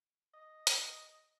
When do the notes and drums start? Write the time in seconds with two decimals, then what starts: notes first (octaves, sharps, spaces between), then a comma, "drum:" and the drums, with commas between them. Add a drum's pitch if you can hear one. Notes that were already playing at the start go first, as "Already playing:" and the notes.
0.34 D#5
0.67 drum: hi-hat